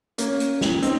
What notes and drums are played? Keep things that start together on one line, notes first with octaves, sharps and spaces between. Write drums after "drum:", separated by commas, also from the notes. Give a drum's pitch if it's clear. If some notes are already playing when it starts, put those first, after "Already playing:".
A#3 C#4, drum: hi-hat
drum: hi-hat
drum: snare
C4 D#4, drum: hi-hat